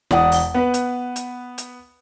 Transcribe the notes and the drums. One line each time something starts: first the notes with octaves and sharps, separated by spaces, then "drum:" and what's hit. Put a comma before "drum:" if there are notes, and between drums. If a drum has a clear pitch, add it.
E1 D5 F#5 D#6, drum: snare
drum: open hi-hat
B3 B4
drum: hi-hat
drum: hi-hat
drum: hi-hat